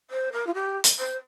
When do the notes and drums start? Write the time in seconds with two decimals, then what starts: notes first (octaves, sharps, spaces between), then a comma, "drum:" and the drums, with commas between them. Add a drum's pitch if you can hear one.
0.10 C5
0.32 A#4
0.46 F4
0.54 G4
0.84 drum: hi-hat
0.99 C5